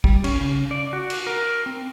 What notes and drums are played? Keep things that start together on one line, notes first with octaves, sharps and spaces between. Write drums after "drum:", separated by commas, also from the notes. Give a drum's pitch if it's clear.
G3, drum: kick
C#4, drum: cymbal
C#3
D5
F#4
drum: cymbal
A#4
C4